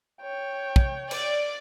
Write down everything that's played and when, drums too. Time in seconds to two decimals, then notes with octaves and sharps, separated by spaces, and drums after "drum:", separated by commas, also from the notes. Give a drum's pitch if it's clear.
0.23 C#5 G5
0.76 drum: kick
1.11 D5, drum: cymbal